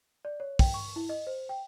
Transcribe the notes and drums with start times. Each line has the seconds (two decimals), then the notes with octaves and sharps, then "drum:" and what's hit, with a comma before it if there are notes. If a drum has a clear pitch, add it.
0.25 D5
0.40 C#5
0.59 G5, drum: kick, open hi-hat
0.74 C#6
0.96 E4
1.09 D#5
1.27 C5
1.49 G5